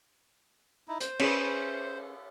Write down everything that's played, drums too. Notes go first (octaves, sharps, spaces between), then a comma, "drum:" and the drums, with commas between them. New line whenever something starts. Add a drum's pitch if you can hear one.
D#4 E4
C5, drum: hi-hat
C#4 G#4 B4, drum: cymbal